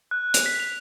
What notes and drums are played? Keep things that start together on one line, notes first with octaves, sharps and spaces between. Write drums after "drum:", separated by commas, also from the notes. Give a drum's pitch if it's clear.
F#6
D7, drum: hi-hat
B6
F7